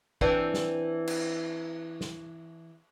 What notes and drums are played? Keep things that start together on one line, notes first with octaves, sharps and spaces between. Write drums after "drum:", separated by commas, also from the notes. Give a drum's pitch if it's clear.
E3 C4 D4, drum: kick
drum: snare
drum: cymbal
drum: snare